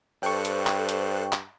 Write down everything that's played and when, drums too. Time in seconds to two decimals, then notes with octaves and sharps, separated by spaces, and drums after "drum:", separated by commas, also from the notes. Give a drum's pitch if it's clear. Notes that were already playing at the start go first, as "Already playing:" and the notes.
0.23 G2 A4 C5 G5 C#6 F#6
0.45 drum: hi-hat
0.67 drum: clap
0.89 drum: hi-hat
1.33 drum: clap